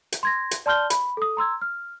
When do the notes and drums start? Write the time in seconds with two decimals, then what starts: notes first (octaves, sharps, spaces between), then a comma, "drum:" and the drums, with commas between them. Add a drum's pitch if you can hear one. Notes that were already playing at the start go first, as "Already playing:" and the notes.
0.12 drum: hi-hat
0.23 C6 G#6 A#6
0.51 drum: hi-hat
0.66 D5 A5 C6 F6 G6 G7
0.90 B5, drum: hi-hat
1.17 A4 D#6
1.37 A#5 C6 E6 G#6
1.62 F6